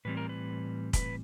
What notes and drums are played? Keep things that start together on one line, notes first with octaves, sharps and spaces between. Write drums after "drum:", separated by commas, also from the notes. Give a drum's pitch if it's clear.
A2 E3 G3 C4 B4
A#4
B4
B4, drum: kick, hi-hat